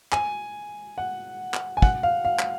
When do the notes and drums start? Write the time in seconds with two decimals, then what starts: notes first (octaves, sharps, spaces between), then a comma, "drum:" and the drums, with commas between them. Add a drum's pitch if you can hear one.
0.12 G#5, drum: clap
0.98 F#5
1.54 drum: clap
1.77 G#5
1.82 F#5, drum: kick
2.03 F5
2.25 F5
2.39 drum: clap